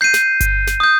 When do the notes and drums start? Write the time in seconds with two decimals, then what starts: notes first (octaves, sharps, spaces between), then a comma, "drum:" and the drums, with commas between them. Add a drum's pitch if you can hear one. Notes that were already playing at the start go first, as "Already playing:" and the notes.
0.01 G6 C7 D#7
0.14 drum: snare
0.40 drum: kick G1, hi-hat
0.67 drum: snare
0.80 D#6 G6